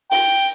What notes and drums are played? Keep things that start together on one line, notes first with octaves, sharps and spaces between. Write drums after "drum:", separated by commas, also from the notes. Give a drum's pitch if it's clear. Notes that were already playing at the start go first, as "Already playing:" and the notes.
G5, drum: open hi-hat